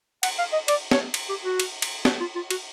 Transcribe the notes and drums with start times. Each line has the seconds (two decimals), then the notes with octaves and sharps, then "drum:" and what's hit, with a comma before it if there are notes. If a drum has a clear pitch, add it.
0.23 F#5, drum: cymbal
0.39 F5
0.53 D#5
0.68 D5, drum: cymbal
0.91 C#5, drum: snare
1.14 drum: cymbal
1.29 G4
1.44 F#4
1.60 drum: cymbal
1.82 drum: cymbal
2.05 F#4, drum: snare
2.20 F4
2.36 F4
2.50 F#4, drum: cymbal